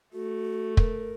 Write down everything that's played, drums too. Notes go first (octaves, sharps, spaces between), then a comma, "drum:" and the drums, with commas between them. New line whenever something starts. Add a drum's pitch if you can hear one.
A3 F#4
A#4, drum: kick